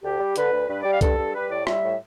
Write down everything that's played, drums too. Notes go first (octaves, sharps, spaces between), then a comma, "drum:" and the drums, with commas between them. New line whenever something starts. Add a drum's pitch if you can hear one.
D2 G4
G3
D3 B4, drum: hi-hat
D2
G2 B4
D5
G3
F5
G2 A4, drum: kick C2, hi-hat
G2
G3 B4
A2 D5
G3 E5, drum: rim click
A2